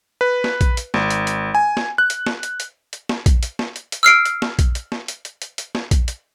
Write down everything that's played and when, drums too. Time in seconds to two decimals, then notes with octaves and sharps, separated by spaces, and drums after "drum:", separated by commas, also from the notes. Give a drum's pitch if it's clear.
0.21 B4
0.44 drum: snare
0.61 drum: kick A#1, hi-hat
0.77 drum: hi-hat
0.94 G#1, drum: snare
1.10 drum: hi-hat
1.27 drum: hi-hat
1.55 G#5
1.77 drum: snare
1.98 F#6
2.10 drum: hi-hat
2.27 drum: snare
2.43 drum: hi-hat
2.60 drum: hi-hat
2.93 drum: hi-hat
3.09 drum: snare
3.26 drum: kick A#1, hi-hat
3.43 drum: hi-hat
3.59 drum: snare
3.76 drum: hi-hat
3.92 drum: hi-hat
4.03 E6 F6 C7 D7
4.25 drum: hi-hat
4.42 drum: snare
4.59 drum: kick A#1, hi-hat
4.75 drum: hi-hat
4.92 drum: snare
5.08 drum: hi-hat
5.25 drum: hi-hat
5.42 drum: hi-hat
5.58 drum: hi-hat
5.75 drum: snare
5.91 drum: kick A#1, hi-hat
6.08 drum: hi-hat